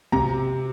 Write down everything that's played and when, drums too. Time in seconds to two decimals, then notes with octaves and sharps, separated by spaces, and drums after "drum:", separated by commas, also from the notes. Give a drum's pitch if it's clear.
0.12 C3 A#5, drum: kick